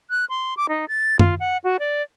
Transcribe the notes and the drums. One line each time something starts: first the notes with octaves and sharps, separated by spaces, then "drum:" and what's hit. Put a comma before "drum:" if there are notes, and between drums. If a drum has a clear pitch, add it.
F#6
C6
D6
D#4
A6
F4, drum: tom F#2
F#5
F#4
D5